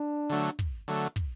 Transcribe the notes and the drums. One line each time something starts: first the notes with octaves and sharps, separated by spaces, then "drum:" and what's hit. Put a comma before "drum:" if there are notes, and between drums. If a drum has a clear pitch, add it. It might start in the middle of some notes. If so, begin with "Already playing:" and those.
Already playing: D4
D3 F#3 A3, drum: open hi-hat
drum: kick, hi-hat
D3 F#3 A3, drum: open hi-hat
drum: kick, hi-hat